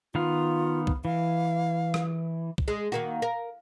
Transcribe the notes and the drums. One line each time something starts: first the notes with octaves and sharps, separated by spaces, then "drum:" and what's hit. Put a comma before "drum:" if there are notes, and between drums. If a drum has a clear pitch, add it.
D#3 B3 F4 F5
drum: kick C2
E3 F5
drum: rim click
drum: kick C2
G#3
D#3 A#3 F#4
A#4